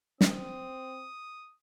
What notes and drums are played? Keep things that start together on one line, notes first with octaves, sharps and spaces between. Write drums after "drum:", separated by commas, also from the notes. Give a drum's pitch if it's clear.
C4 D#6, drum: snare